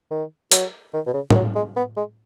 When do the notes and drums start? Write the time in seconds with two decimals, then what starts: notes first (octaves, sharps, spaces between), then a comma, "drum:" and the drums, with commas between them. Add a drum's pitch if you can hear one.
0.11 D#3
0.51 F#3, drum: hi-hat
0.93 D#3
1.06 B2
1.14 C#3
1.30 D#3, drum: tom A2
1.35 F#3
1.55 G#3
1.76 B3
1.97 G#3